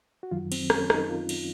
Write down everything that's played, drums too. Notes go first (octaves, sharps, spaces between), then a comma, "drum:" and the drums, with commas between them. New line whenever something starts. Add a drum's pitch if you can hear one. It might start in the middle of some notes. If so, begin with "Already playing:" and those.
F#4
F#2 D#3 F#3 F4
C4, drum: cymbal
C#4, drum: rim click
D#4, drum: rim click
F4
drum: cymbal